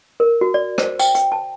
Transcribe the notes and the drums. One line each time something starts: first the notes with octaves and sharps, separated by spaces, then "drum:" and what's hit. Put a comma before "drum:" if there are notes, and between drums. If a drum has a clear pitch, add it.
A#4
F#4
D5
C5, drum: rim click
G5, drum: tambourine
G5, drum: hi-hat
A5